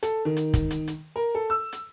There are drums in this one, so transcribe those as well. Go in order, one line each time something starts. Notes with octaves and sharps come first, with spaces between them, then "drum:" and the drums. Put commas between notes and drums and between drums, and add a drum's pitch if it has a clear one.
A4, drum: hi-hat
D#3
drum: hi-hat
drum: kick, hi-hat
drum: hi-hat
drum: hi-hat
A#4
A4
E6
drum: hi-hat